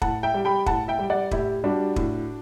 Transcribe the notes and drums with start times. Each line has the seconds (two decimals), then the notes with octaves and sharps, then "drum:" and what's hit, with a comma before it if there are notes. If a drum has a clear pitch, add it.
0.02 A2 F#5 A5, drum: kick
0.23 E5 G5
0.34 G3
0.45 G5 B5
0.66 A2 F#5 A5, drum: kick
0.88 E5 G5
0.99 G3
1.10 D5 F#5
1.31 A2 E4 G4, drum: kick
1.64 G3 D4 F#4
1.96 A2, drum: kick